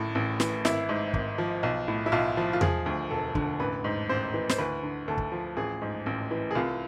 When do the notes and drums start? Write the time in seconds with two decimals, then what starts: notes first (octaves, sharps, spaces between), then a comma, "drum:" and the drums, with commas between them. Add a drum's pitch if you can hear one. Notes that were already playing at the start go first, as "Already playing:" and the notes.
Already playing: A1 A2
0.15 A1
0.40 E3, drum: snare
0.65 G#1 E4, drum: snare
0.89 G#2
1.14 G#1, drum: kick
1.38 F3
1.63 B1
1.88 A2
2.06 E4
2.12 B1 F4
2.37 F3
2.53 F4
2.61 F3 G#4, drum: tom E2
2.86 D2
3.10 E1 A4
3.35 D3, drum: kick
3.60 A1 B4
3.84 G#2
4.09 A1 C5
4.34 E3
4.49 C5, drum: snare
4.58 D2 B4
4.83 D3
5.08 D2 A4
5.18 drum: kick
5.32 F3
5.57 A1 G#4
5.82 G#2
6.06 A1
6.31 E3
6.51 G#4
6.55 C2 F4